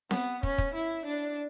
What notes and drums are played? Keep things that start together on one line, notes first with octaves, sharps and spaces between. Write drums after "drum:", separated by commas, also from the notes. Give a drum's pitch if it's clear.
B3, drum: snare C4
C#4, drum: kick
drum: kick
E4
D4